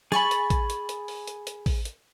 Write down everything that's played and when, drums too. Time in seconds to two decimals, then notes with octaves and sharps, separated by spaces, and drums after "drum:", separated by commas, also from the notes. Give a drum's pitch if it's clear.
0.12 G#4 G#5 B5 C#6 A6, drum: snare
0.31 drum: hi-hat
0.50 drum: kick A1, hi-hat
0.70 drum: hi-hat
0.89 drum: hi-hat
1.08 drum: open hi-hat
1.28 drum: hi-hat
1.47 drum: hi-hat
1.66 drum: kick A1, open hi-hat
1.85 drum: hi-hat